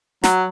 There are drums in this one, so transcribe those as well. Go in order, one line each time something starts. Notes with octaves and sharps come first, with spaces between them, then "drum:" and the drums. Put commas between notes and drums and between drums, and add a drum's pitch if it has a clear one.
F#3, drum: snare